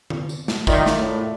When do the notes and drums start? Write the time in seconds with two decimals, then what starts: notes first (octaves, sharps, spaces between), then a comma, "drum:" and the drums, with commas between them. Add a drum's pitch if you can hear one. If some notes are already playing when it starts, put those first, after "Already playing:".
0.10 drum: tom D3
0.29 drum: tambourine
0.48 drum: snare
0.67 D#3 F4 D5 E5, drum: kick, tambourine
0.86 drum: snare
0.97 A2